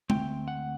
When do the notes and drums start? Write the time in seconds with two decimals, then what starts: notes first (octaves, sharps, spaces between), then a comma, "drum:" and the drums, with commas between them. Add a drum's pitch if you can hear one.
0.10 D2 D3 A3 C4 G5, drum: tom
0.48 F#5